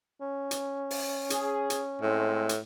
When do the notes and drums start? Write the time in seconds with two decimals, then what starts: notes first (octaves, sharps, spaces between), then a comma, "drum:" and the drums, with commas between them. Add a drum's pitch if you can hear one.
0.21 C#4
0.51 drum: hi-hat
0.91 drum: open hi-hat
1.30 G#4, drum: hi-hat
1.70 drum: hi-hat
2.02 A2 G#3 A3 C4
2.49 drum: hi-hat